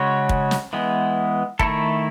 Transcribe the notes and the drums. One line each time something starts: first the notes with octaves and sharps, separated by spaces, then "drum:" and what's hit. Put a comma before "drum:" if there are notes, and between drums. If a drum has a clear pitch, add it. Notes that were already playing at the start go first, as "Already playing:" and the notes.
Already playing: C#3 G#3 C#4 F#4 C#5
drum: kick
drum: snare
E3 G#3 B3
D#3 A3 E4 A4, drum: kick